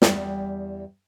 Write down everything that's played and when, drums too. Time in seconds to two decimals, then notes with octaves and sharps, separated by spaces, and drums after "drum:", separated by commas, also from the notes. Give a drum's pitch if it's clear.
0.02 E2 G3, drum: snare